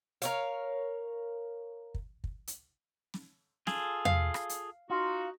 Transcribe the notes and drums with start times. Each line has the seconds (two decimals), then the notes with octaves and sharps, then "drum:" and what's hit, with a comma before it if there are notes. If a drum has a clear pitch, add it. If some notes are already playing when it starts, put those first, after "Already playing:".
0.22 A#4 C#5 F5, drum: hi-hat
1.94 drum: kick
2.24 drum: kick
2.47 drum: hi-hat
3.14 drum: snare
3.67 F4 G#4 A4, drum: snare
4.05 F5, drum: tom E2
4.34 drum: rim click
4.49 drum: hi-hat
4.90 D#4 F4 F#4